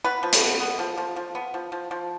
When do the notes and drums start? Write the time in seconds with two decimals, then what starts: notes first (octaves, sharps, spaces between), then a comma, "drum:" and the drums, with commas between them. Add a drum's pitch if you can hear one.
0.04 B3 B4
0.23 F3
0.32 drum: hi-hat
0.42 B3
0.60 B3
0.79 F3
0.98 F3
1.16 F3
1.35 B3
1.54 F3
1.72 F3
1.91 F3